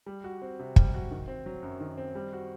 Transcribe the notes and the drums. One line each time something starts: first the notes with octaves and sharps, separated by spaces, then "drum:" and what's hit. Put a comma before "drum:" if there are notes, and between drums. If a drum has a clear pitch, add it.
G3
F#4
C4
C3
G3, drum: kick
F#4
D#3
C4
F#3
F#2
D#3
C4
G3
F#4